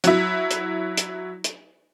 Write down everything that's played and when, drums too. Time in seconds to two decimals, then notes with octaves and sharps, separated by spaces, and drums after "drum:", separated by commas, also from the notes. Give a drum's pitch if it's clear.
0.04 F#3 E4, drum: hi-hat
0.51 drum: hi-hat
0.97 drum: hi-hat
1.44 drum: hi-hat